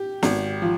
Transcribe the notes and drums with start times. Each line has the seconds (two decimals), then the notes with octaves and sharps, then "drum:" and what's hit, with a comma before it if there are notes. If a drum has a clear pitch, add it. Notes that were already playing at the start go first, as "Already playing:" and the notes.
Already playing: G4
0.23 G#1, drum: snare
0.62 F3